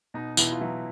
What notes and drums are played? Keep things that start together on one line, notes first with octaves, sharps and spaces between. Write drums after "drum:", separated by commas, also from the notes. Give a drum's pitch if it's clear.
B2 D#4
B2 E3 E4, drum: tambourine
F4
E3 F#3 E4